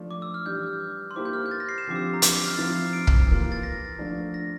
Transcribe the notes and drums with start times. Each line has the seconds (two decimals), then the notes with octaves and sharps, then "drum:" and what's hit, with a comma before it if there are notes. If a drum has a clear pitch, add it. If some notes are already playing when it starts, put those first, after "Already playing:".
Already playing: F3 A3 D4
0.11 D6
0.22 E6
0.34 F6
0.46 E3 G3 D4 G6
1.11 C6
1.16 A#3 E4 G4 C5 D6
1.25 G6
1.33 F6
1.46 G6
1.51 A6
1.60 A#6
1.69 C7
1.78 E7
1.87 D3 F3 C4 G4 D6 C7
1.96 E6
2.14 A#5
2.22 D6, drum: hi-hat
2.46 F6
2.57 F3 C4 E4 A6
2.75 C7
2.93 D7
3.07 drum: kick
3.27 E3 A#3 F4
3.52 A6
3.63 A#6
3.98 D3 F3 A3 D4
4.34 A#6